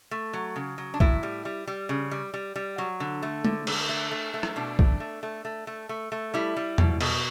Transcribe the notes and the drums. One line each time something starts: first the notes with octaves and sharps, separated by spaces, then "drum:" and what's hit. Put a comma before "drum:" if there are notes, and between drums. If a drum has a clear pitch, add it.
A3
F#3
C#3
F#3
D4
A2 E4, drum: kick
G3
G3
G3
C#3
G3
G3
G3
F#3
D3
A3
D3, drum: tom
D3, drum: cymbal
A3
A3
A3
drum: rim click
B2 D4
A3, drum: kick
A3
A3
A3
A3
A3
A3
G3 E4
G3
B2, drum: tom E2
B2, drum: cymbal